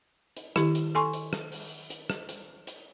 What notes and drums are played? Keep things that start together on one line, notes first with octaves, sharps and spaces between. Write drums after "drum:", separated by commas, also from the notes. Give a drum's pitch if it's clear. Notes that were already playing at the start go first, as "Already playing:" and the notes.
drum: hi-hat
D#3 E4 G4, drum: rim click
drum: hi-hat
A4 G#5 C6 C#6
drum: hi-hat
drum: rim click
drum: open hi-hat
drum: hi-hat
drum: rim click
drum: hi-hat
drum: hi-hat